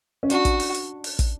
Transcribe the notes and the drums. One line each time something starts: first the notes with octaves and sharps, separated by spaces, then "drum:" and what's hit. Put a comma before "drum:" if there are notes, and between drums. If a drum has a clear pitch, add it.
C#4
D4 F#4, drum: hi-hat
drum: kick, hi-hat
drum: open hi-hat
drum: hi-hat
drum: open hi-hat
drum: kick, hi-hat